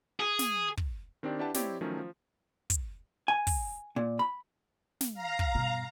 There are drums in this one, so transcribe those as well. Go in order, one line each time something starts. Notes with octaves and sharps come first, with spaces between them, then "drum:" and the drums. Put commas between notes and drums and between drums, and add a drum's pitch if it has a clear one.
G#4
drum: snare
drum: kick
D#3 C4 D4 G4 D5
D4 E4 G4 B4 F#5 A5
C4 E4 G4 C#5 D5, drum: snare
D#3 F3 F#3 A3 C#4
F3
drum: kick, hi-hat
G#5
drum: kick, open hi-hat
A#2
B5
drum: snare
F5 A#5
drum: kick
G2 B2